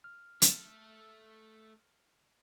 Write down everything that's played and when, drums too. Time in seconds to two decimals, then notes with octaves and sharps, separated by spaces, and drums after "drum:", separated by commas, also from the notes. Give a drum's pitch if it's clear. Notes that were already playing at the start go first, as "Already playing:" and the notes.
0.04 F6
0.42 A3 A4, drum: hi-hat